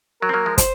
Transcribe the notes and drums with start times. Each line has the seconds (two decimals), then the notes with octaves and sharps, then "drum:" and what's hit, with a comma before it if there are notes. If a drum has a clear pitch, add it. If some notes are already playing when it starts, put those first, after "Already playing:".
0.22 F#3 A#4
0.29 C4
0.34 F#3 A#3
0.46 F3 G#3
0.58 C5, drum: kick, hi-hat